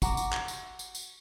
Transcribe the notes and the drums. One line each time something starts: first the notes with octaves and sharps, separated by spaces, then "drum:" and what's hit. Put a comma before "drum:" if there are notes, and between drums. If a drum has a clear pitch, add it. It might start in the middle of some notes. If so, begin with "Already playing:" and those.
F#4 A#5 D6, drum: kick, tambourine
drum: tambourine
drum: clap
drum: tambourine
drum: tambourine
drum: tambourine